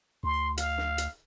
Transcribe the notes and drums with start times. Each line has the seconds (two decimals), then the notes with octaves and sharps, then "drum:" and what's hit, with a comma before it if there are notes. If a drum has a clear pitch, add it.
0.23 D2 C6
0.57 F5, drum: hi-hat
0.78 drum: snare
0.98 drum: hi-hat